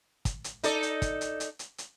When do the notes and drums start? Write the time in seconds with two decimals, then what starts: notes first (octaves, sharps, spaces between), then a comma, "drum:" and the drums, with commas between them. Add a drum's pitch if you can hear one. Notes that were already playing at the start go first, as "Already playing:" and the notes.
0.25 drum: kick, hi-hat
0.44 drum: hi-hat
0.63 D#4 A4 D5, drum: hi-hat
0.83 drum: hi-hat
1.02 drum: kick, hi-hat
1.21 drum: hi-hat
1.40 drum: hi-hat
1.59 drum: hi-hat
1.78 drum: hi-hat